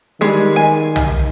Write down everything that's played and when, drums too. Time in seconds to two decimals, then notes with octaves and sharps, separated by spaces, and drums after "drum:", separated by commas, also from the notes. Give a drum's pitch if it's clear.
0.21 D#3 G3 G#3
0.56 G#5
0.96 drum: tom B1